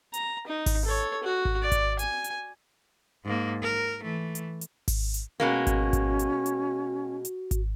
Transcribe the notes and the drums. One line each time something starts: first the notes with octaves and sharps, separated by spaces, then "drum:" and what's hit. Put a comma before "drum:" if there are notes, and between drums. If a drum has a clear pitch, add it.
A#5, drum: hi-hat
D#4
drum: kick G#1, open hi-hat
A4 C#5
F#4
drum: kick G#1
D5
drum: kick G#1, hi-hat
G#5, drum: hi-hat
drum: hi-hat
G#2 A#3
A#4
E3 A3
drum: hi-hat
drum: hi-hat
drum: kick G#1, open hi-hat
drum: hi-hat
B2 G#3 A#3 C#4 F#4
drum: kick G#1, hi-hat
drum: kick G#1, hi-hat
drum: hi-hat
drum: hi-hat
drum: hi-hat
drum: kick G#1, hi-hat